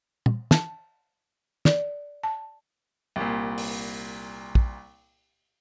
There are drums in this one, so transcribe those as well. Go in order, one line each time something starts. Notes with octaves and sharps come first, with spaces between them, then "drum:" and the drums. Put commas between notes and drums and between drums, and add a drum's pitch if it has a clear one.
drum: tom
A5, drum: snare
D5, drum: snare
A5
C2 A#2
drum: open hi-hat
drum: kick